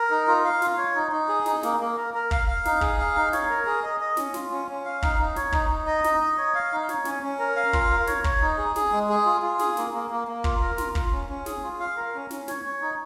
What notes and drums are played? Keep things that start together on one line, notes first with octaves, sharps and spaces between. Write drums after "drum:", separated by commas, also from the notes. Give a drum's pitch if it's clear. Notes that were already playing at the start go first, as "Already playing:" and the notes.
Already playing: A#4
D#4
F4
F5
F4, drum: snare
C#5
D#4
D#4
G#4
D#4, drum: snare
A#3, drum: snare
A#3
A#4
A#4
F5, drum: kick
F5
D#4, drum: snare
G#4, drum: kick
F5
D#4
C#5, drum: snare
A#4
G#4
D#5
D#5
C#4, drum: snare
F4, drum: snare
C#4
C#4
F5
D#4, drum: kick
D#4
C#5, drum: snare
D#4, drum: kick
D#4
D#5
D#4, drum: snare
D#5
C#5
F5
D#4
C#5, drum: snare
C#4, drum: snare
C#4
A#4
F5
F4, drum: kick
A#4
C#5, drum: snare
C#5, drum: kick
D#4
G#4
G#4, drum: snare
G#3
G#4
F4
F4
G#4, drum: snare
A#3, drum: snare
A#3
A#3
A#3
F4, drum: kick
A#4
F4, drum: snare
F4, drum: kick
C#4
C#4
G#4, drum: snare
F4
F5
A#4
C#4
C#4, drum: snare
C#5, drum: snare
C#5
D#4